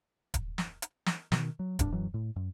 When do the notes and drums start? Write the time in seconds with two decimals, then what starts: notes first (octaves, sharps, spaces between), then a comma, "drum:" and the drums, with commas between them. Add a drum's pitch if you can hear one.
0.34 drum: kick D#1, hi-hat
0.58 drum: snare
0.82 drum: hi-hat
1.06 drum: snare
1.32 B2 D3 D#3, drum: snare
1.59 F#3
1.79 C2 G2 D4, drum: kick D#1, hi-hat
1.92 F#2 E3 F#3
2.14 A2
2.36 F#2